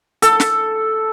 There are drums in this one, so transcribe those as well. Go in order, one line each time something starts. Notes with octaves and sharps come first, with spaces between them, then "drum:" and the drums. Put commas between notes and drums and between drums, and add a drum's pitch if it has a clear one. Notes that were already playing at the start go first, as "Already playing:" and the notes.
A4, drum: hi-hat
drum: snare